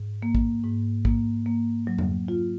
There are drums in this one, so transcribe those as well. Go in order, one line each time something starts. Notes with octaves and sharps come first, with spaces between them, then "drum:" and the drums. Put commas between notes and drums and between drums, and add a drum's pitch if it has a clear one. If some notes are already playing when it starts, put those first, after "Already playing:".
Already playing: G#2
A#3
drum: kick
G#2
A#3, drum: kick
A#3
F#3
drum: tom F2
F4